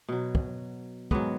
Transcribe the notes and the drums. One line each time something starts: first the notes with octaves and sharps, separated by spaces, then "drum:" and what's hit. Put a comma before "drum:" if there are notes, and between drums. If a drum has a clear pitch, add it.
B2 F#3
drum: kick
G#2 D#3 F#3 B3, drum: kick